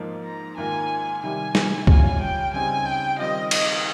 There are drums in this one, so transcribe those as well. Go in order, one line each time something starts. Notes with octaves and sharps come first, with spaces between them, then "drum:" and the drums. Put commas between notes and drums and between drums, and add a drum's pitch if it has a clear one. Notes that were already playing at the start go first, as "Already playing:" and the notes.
Already playing: G#2 F3 A#3 D#4
A#5
G#2 D#3 A#3 F4 G#5
C3 D#3 G3 G#5
drum: snare
C#3 G3 C#4 F4 G#5, drum: kick C#2
G5
C#3 G3 C4 D#4 G#5
G5
D#3 G3 C4 F4 D#5
D#5, drum: cymbal